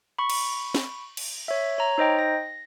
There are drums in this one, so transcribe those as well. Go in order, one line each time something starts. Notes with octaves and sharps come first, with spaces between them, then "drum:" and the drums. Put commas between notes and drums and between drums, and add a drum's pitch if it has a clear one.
B5 C#6
drum: cymbal
drum: snare
drum: cymbal
C#5 E5
C#5 A#5
D#4 C5 D#5 G5
A#6